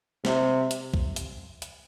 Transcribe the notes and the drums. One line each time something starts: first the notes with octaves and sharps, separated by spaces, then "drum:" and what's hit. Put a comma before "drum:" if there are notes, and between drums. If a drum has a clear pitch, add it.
C3, drum: snare
drum: hi-hat
drum: kick
drum: hi-hat
drum: hi-hat